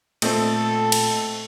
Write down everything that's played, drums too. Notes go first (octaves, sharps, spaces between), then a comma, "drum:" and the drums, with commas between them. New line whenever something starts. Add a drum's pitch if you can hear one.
A#2 A3 C4 A4 D#5 G5, drum: cymbal
drum: cymbal